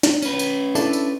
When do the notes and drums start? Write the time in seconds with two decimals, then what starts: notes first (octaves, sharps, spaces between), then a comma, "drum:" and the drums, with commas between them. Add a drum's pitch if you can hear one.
0.03 drum: snare
0.22 C#4 B4, drum: tambourine
0.39 drum: tambourine
0.75 D4 E4 A4, drum: tambourine
0.93 drum: tambourine